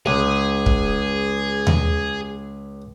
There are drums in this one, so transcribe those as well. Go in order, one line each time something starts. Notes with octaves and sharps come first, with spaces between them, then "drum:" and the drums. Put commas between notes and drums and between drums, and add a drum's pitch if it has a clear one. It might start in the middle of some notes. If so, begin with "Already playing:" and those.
C#2 G#4
drum: kick
drum: tom D#2